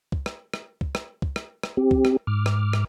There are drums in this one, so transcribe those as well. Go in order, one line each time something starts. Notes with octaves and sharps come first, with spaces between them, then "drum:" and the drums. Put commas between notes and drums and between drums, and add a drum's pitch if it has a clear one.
drum: kick
drum: rim click
drum: rim click
drum: kick
drum: rim click
drum: kick
drum: rim click
drum: rim click
C4 G4
drum: kick
drum: rim click
G#2 D6 F6
drum: rim click
drum: rim click